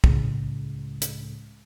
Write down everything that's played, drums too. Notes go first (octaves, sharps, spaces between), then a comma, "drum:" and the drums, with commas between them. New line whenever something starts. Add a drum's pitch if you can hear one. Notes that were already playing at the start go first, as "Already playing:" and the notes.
C#2 A2 C#3 G#3, drum: kick
drum: hi-hat